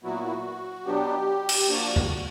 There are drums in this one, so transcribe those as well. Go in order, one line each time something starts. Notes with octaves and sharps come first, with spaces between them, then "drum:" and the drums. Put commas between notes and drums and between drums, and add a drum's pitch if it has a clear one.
A#2 F#3 B3 E4 F#4
B2 F#3 B3 D4 G4
drum: cymbal
F3 A#3 D4 F#4
F#4, drum: tom E2